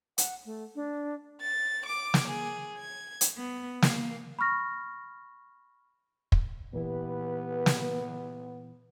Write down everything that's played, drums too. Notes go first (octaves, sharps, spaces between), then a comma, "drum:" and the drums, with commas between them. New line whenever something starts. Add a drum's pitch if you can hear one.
F#5, drum: hi-hat
A3
D4
A6
D6
drum: snare
G#4
G#6
drum: hi-hat
B3
A#3, drum: snare
B5 C#6 F6 A#6
drum: kick
A#2 E3 B3 E4 G4 B4
drum: snare